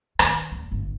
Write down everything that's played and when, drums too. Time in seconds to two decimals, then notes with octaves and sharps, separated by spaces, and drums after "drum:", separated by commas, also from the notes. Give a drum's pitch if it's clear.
0.19 D#3, drum: rim click
0.51 E2
0.71 G1